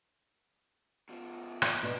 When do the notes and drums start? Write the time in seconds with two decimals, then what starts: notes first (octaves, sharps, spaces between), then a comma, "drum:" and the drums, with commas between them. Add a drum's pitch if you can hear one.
1.09 B2 F3
1.62 drum: rim click
1.83 B2 D4